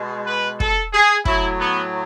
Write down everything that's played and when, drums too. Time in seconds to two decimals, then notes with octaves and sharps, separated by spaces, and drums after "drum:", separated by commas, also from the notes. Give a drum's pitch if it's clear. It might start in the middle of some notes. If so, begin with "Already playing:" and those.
Already playing: B2 G#3
0.26 B4
0.60 A4, drum: kick
0.93 G#4
1.25 A2 F#3 E4, drum: kick
1.59 B3